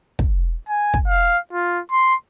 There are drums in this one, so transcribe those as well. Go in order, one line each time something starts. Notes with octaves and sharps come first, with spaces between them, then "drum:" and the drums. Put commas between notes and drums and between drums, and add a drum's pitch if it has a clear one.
drum: kick
G#5
drum: kick
F5
F4
C6